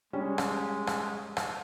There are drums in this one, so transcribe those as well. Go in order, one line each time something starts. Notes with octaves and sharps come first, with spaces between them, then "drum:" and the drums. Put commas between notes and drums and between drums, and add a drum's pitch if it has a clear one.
G3 G#3 C#4
drum: rim click
drum: rim click
drum: rim click